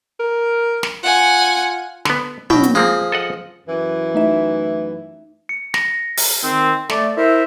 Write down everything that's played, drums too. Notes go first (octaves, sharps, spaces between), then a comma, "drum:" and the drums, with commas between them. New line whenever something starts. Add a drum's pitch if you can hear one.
A#4
drum: snare
F4 F#5 G#5
D3 B3, drum: snare
B2 F#3 G5, drum: tom
drum: hi-hat
F3 G#3 A#3 C4 G#4
A4 D#5 F#5
F#2 E3
A3 D#4 E5
C#7
A#6, drum: snare
drum: open hi-hat
D#3 C4
A3 D5, drum: snare
E4 A#4 C5 E5